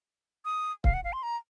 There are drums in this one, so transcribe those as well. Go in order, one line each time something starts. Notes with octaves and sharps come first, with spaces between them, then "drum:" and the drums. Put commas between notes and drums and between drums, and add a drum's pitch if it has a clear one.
D#6
F5, drum: kick C#1
F#5
F5
C6
A#5